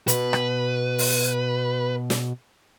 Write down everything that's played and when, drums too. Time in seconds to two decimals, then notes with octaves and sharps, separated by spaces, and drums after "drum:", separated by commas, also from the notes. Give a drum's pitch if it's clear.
0.08 B2 B4, drum: hi-hat
0.33 drum: rim click
0.98 drum: open hi-hat
2.10 drum: snare